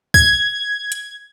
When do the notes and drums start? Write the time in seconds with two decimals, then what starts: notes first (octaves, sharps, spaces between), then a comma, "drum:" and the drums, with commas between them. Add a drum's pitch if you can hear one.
0.14 G#6, drum: kick
0.92 drum: hi-hat